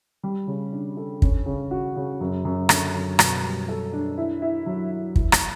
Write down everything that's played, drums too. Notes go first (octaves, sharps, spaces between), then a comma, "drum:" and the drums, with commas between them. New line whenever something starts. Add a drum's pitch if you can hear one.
G3
C#3
D4
A4
C#4, drum: kick
C#3
F#4
C#3
F#2
F#2
D3, drum: rim click
F#2
B2, drum: rim click
G3
A4
D4
E4
E4
F#3
E4
E3, drum: kick
drum: rim click